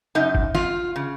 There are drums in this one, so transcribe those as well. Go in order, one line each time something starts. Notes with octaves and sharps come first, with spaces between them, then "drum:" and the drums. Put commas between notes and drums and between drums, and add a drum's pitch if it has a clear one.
F#2 C#3 D#4
drum: kick G1
F4, drum: snare
C#3